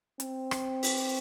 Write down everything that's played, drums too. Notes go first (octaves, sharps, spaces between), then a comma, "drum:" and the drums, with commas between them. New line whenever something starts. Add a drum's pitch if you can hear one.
C4, drum: hi-hat
drum: rim click
drum: open hi-hat